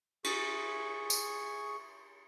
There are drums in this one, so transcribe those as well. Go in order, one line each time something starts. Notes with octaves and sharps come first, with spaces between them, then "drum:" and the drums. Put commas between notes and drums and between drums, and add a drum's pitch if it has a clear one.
G#4 C#6, drum: cymbal
drum: tambourine